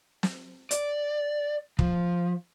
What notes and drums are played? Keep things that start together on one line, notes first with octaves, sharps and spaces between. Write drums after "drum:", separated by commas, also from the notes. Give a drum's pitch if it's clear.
drum: snare
D5, drum: hi-hat
F3, drum: kick